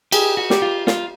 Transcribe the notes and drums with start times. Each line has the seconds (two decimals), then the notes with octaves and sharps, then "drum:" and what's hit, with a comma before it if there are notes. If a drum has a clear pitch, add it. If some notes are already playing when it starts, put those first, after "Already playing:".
0.12 G4 G#4, drum: cymbal
0.37 F#4
0.50 G4, drum: snare
0.62 F4
0.87 F4, drum: snare